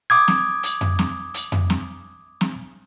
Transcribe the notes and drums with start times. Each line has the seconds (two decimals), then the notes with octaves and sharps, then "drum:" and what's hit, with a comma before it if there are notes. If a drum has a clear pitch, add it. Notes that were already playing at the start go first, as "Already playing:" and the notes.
0.10 D6 D#6 G#6
0.28 drum: snare
0.63 drum: hi-hat
0.81 drum: tom F2
0.99 drum: snare
1.34 drum: hi-hat
1.52 drum: tom F2
1.70 drum: snare
2.41 drum: snare